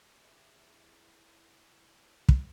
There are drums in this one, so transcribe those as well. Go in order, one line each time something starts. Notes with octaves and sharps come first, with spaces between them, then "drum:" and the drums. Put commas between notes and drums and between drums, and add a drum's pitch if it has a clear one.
E3 E4 G4 G#4
drum: kick